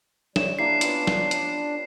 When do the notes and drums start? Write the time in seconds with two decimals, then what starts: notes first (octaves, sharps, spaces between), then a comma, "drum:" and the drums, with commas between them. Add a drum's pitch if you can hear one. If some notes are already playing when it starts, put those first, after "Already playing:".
0.36 G3 C#5 E5 E7, drum: snare
0.59 A#3 D4 E4 G4 C7
0.81 B3 C#4 F4, drum: hi-hat
1.07 drum: snare
1.31 drum: hi-hat